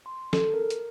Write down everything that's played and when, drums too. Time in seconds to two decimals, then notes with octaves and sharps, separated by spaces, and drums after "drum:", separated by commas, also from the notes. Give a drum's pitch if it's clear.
0.06 C6
0.33 A4, drum: snare
0.54 A#4
0.70 drum: hi-hat